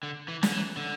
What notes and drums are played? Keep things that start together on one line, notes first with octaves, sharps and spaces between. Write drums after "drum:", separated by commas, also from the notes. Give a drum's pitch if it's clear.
D3
E3
D3, drum: snare
E3
D3